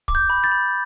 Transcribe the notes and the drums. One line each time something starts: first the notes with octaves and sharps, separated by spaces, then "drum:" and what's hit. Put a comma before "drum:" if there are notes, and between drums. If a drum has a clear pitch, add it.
D6, drum: kick
G6
B5
G6 A6
B5